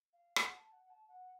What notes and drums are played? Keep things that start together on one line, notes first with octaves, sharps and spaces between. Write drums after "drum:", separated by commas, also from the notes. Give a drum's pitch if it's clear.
F5
F#5, drum: rim click
A5
F#5
A5
F#5